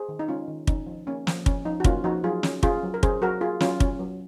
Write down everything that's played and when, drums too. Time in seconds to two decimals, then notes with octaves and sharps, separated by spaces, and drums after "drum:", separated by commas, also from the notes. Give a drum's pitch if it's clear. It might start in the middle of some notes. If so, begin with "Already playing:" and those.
Already playing: G#4 C5
0.09 D#3
0.19 D#4
0.28 G#3 C#4 F4
0.48 D#3
0.67 C#4 D#4, drum: kick
0.87 F3
1.07 A#3 C#4
1.27 F3, drum: snare
1.46 C#4, drum: kick
1.65 F3 D#4
1.80 F#4
1.84 A#3 C#4 F4, drum: kick
2.04 F3 D#4 F#4
2.24 F#3 F4 G#4
2.43 C#4, drum: snare
2.63 C#4 F4 G#4, drum: kick
2.83 F#3
2.94 A#4
3.03 C#4 G#4 C5, drum: kick
3.22 F#3 F#4 A#4
3.41 A#3 F4 G#4
3.60 F#3 C#4 F4, drum: snare
3.80 C#4, drum: kick
4.00 F#3